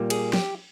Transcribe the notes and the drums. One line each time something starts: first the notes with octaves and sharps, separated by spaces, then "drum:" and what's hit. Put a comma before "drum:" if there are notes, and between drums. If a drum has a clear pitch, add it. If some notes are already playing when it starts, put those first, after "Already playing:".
Already playing: A#2 G3 A#3
G#4, drum: cymbal
G4, drum: snare